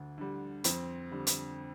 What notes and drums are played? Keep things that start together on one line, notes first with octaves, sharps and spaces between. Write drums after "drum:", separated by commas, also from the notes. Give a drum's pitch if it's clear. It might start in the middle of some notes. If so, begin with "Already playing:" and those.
Already playing: D2 D3
D3 G3
F2 C4, drum: hi-hat
D3 G3
drum: hi-hat